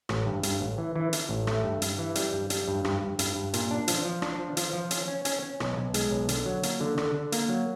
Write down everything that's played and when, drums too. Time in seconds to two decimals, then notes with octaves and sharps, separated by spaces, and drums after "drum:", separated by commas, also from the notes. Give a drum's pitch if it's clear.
0.09 A1, drum: rim click
0.26 G2
0.43 G2, drum: hi-hat
0.60 A1
0.78 E3
0.96 E3
1.13 E3, drum: hi-hat
1.29 A1
1.47 A3, drum: rim click
1.64 G2
1.82 G2, drum: hi-hat
1.98 E3
2.15 G3, drum: hi-hat
2.33 G2
2.50 G3, drum: hi-hat
2.68 G2
2.85 G2, drum: rim click
3.02 G2
3.19 G2, drum: hi-hat
3.36 G2
3.54 A#2, drum: hi-hat
3.71 D4
3.88 F3, drum: hi-hat
4.05 F3
4.22 D4, drum: rim click
4.39 F3
4.57 F3, drum: hi-hat
4.73 F3
4.91 C#4, drum: hi-hat
5.08 C#4
5.25 C#4, drum: hi-hat
5.42 C#4
5.60 B1, drum: rim click
5.77 B1
5.94 G#3, drum: hi-hat
6.11 B1
6.29 D3, drum: hi-hat
6.46 F#3
6.63 A#3, drum: hi-hat
6.81 D3
6.98 D3, drum: rim click
7.15 D3
7.32 A#3, drum: hi-hat
7.49 F#3